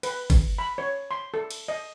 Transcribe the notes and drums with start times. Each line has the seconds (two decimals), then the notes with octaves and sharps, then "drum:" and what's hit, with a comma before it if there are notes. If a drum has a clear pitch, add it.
0.03 B4, drum: cymbal
0.30 drum: kick, cymbal
0.59 B5
0.78 C#5
1.11 C6
1.34 A4
1.51 drum: cymbal
1.68 D#5